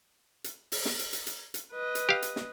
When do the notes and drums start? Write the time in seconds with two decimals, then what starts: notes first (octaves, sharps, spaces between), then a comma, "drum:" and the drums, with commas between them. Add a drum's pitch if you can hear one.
0.44 drum: hi-hat
0.72 drum: open hi-hat
0.85 drum: snare
0.99 drum: hi-hat
1.13 drum: hi-hat
1.27 drum: hi-hat
1.54 drum: hi-hat
1.72 B4 D#5
1.95 drum: hi-hat
2.09 G4 F5
2.22 drum: hi-hat
2.36 drum: snare